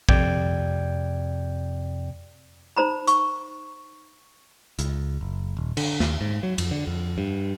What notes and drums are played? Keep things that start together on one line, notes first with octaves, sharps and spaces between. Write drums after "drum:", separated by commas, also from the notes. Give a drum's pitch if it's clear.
F2 C3 D5 G5 G6 G#6, drum: kick
D#4 C5 A#5 B5
C#6, drum: hi-hat
C#2, drum: hi-hat
F#1
D#1
D3, drum: cymbal
D#2, drum: snare
G#2
F#3
F2, drum: cymbal
D3
F2
G2